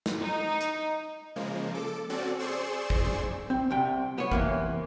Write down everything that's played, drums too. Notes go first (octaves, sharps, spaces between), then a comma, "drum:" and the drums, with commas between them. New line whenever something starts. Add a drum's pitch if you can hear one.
drum: snare
D#4
drum: hi-hat
C#3 F3 G#3 A#3
A4 D6
C4 C#4 F#4 A4 D5
G#4 C5 D5 C6 C#6 E6
drum: kick
drum: tom A2
C4
C2 C3 G5
B3 C#5
C3 E3 A#3, drum: kick